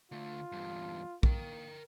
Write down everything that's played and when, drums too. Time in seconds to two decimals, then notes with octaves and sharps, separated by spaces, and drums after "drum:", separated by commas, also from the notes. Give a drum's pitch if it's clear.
0.12 D3 A3 F4
0.52 E2 G2
1.23 A#3 A#4 G5, drum: kick